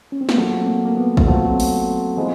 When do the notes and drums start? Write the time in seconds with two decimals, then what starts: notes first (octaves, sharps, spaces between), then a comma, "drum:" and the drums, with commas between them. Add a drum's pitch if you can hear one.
0.12 C#4
0.21 C4
0.29 B3, drum: snare
0.37 F#3 A3 A#3 C4 F4
0.68 A#3
0.85 A#3
0.97 B3
1.17 drum: kick
1.27 F#3 A3 C4 F4
1.60 drum: open hi-hat
2.17 F3 G#3 C4 E4